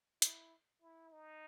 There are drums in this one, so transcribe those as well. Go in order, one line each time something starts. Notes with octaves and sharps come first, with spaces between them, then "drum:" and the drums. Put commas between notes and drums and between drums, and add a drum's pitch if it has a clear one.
E4, drum: hi-hat
E4
D#4